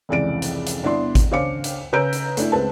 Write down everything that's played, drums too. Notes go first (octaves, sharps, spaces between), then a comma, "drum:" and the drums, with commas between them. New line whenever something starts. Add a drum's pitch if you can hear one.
F1 C#2 E3 D5 D7
drum: hi-hat
drum: hi-hat
G1 B3 D4 E4 D5 C6
drum: kick G#1, hi-hat
C#3 D4 C5 F5 D6 C#7
drum: hi-hat
C#3 B4 A#5 E6 G6 D7
drum: hi-hat
A3 D4 E4, drum: hi-hat
C#2 C4 B4 A5